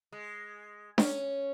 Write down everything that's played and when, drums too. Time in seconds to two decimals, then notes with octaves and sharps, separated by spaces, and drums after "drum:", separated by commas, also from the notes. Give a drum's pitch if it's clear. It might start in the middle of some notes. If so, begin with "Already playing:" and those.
0.12 G#3
0.98 C#4, drum: snare D4